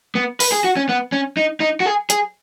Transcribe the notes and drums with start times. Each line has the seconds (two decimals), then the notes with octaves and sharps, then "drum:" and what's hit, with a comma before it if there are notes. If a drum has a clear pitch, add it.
0.15 B3
0.40 B4, drum: open hi-hat
0.52 G#4
0.64 F#4
0.77 C#4
0.89 B3
1.12 C#4
1.37 D#4
1.60 D#4
1.80 F#4
1.86 G#4
2.10 G#4, drum: hi-hat